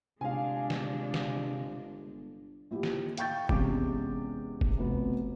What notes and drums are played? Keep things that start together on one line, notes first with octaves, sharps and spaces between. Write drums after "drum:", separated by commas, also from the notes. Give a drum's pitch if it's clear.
G1 C3 G#3 D4 F5 G#5
drum: snare
drum: snare
A#1 E4 G4
drum: snare
F5 G5 C#6 G6 A6, drum: hi-hat
E2 C3 G#3 C#4 D6, drum: kick F1
drum: kick F1
F1 B2 B3